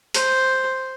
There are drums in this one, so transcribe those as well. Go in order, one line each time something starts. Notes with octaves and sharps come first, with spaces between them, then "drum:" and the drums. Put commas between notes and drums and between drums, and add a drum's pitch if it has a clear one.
C5, drum: hi-hat